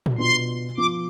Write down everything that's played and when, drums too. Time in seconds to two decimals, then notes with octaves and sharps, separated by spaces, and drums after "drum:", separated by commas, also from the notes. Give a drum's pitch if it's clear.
0.06 drum: tom A#2
0.18 B2 B3 D4 F4 C6
0.77 F3 B3 F4 D6